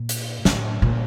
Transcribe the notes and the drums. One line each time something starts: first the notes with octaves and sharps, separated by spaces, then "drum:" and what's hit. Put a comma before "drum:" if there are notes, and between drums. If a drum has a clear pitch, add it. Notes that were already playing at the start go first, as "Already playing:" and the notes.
Already playing: A#2
drum: hi-hat
A2, drum: snare
A#2